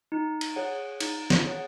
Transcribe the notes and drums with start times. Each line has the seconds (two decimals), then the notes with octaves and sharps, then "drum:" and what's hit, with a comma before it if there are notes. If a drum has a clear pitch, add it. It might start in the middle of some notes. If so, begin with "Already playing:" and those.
0.12 D#4
0.41 drum: cymbal
0.56 G#4 C#5 F#5
1.00 D#4, drum: cymbal
1.30 drum: snare
1.45 G#4 C#5 F#5